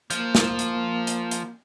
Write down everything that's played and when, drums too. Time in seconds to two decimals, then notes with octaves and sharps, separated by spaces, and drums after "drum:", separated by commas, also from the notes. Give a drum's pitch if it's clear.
0.11 F3 A#3, drum: hi-hat
0.35 drum: snare
0.59 drum: hi-hat
1.07 drum: hi-hat
1.31 drum: hi-hat